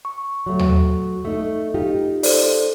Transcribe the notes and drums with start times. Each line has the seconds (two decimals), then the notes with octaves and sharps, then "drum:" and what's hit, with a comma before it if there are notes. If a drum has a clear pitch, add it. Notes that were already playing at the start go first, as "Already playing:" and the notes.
0.05 C#6
0.46 F#3 A3
0.59 drum: tom D#2
1.25 A3 D#4
1.74 D#4 F4 G4
2.23 A4 C5 D5, drum: open hi-hat